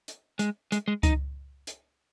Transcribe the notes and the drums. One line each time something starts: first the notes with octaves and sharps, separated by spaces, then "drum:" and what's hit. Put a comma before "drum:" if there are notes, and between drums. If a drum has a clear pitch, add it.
drum: hi-hat
G#3, drum: hi-hat
G#3, drum: hi-hat
G#3
D#4, drum: kick C#2, hi-hat
drum: hi-hat